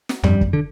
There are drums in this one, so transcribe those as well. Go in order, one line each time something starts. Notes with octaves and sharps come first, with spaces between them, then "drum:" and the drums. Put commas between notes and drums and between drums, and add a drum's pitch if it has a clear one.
drum: snare
F2 G3, drum: tom
drum: kick
D3